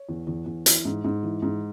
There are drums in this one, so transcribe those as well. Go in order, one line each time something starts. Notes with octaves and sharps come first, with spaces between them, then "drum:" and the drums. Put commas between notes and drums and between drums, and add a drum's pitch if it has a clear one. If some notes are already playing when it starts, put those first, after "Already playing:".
Already playing: C#5
E2
E2
E2
E3, drum: hi-hat
G#2
G#2
E3
G#2